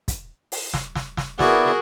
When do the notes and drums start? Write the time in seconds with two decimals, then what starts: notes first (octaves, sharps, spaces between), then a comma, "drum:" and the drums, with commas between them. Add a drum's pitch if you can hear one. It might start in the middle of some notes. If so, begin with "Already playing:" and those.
0.08 drum: kick, hi-hat
0.52 drum: open hi-hat
0.74 drum: snare
0.95 drum: snare
1.17 drum: snare
1.39 B3 E4 F#4 G#4 A#4 D5, drum: snare